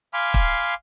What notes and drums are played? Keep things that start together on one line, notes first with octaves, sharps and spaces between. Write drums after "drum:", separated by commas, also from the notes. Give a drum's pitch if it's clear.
F5 G#5 B5 C6 D6 F6
drum: kick